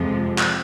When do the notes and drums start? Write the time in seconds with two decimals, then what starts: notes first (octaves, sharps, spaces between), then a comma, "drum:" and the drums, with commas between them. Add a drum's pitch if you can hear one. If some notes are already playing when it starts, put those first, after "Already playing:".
Already playing: F2 C3 F3 G#3
0.38 drum: clap